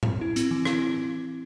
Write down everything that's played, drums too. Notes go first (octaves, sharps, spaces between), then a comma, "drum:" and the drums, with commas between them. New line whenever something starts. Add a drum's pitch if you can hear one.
drum: tom A2
E4
C4, drum: hi-hat
E3
E4, drum: rim click